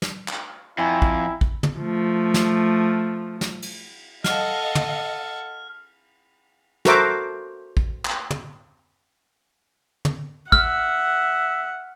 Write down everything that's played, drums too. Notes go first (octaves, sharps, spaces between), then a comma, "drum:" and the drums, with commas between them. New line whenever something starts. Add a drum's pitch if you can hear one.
drum: snare
drum: clap
F2 E4 G5 G#5 A#5
drum: kick
drum: kick
drum: tom
F3 A3
drum: snare
drum: snare
drum: cymbal
A4 D#5 F5 F#5 F6, drum: snare
drum: tom
F#4 A4 A#4 C5 E5 D6, drum: snare
drum: kick
drum: clap
drum: tom
drum: tom
E5 F#5 F6, drum: kick